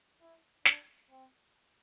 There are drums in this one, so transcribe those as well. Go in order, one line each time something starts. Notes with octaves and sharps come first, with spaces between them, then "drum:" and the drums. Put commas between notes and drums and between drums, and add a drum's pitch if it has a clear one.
E4
D4, drum: snare
C4